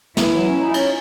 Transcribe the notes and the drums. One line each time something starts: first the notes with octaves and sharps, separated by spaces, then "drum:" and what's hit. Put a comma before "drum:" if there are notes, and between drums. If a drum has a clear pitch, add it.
E3 E4, drum: snare
F#3
C#4
D#4
C#4, drum: cymbal